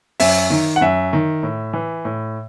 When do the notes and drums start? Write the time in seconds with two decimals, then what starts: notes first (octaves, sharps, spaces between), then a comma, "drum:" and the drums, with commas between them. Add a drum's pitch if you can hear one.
0.20 F#2 E5, drum: open hi-hat
0.50 D#3
0.76 F#5
0.81 F#2 E5
1.13 D#3
1.43 A2
1.73 E3
2.05 A2